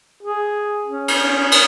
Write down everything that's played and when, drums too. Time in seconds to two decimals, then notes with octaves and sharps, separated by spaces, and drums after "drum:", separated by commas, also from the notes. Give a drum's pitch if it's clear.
0.23 G#4
0.86 C#4
1.08 drum: cymbal
1.51 drum: cymbal